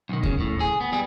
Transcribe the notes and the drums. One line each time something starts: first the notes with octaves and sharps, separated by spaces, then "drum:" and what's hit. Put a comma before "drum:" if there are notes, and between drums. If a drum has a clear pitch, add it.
B1 D#3
C#3, drum: kick D#2
A2
G#4
B3
G3 G#4